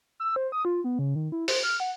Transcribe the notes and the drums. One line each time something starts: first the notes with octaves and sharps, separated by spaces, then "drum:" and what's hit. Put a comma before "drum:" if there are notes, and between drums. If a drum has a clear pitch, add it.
E6
C5
D#6
F4
B3
C#3
D#3
E4
C5, drum: open hi-hat
F6
F#5